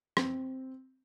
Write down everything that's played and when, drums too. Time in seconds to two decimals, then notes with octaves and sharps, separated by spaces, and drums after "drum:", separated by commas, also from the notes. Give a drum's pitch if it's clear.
0.17 C4, drum: rim click